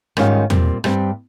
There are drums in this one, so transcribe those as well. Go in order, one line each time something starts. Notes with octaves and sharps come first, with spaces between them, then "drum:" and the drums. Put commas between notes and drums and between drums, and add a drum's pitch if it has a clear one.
G#2 D#3 G3 C#4 F4, drum: rim click
A#2 G3 C4, drum: tom E2
G2 G3 C4, drum: rim click